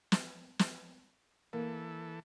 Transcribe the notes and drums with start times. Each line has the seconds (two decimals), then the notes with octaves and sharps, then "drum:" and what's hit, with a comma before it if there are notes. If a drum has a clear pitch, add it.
0.12 drum: snare
0.59 drum: snare
1.53 E3 A#3 A4